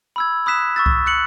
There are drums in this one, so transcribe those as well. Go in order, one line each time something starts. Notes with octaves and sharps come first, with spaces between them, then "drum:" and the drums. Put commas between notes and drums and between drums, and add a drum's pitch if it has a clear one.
B5 E6 G#6
B5 D#6 F#6 B6 E7
C#6 E6 A6
drum: kick C2
F#6 C#7 F#7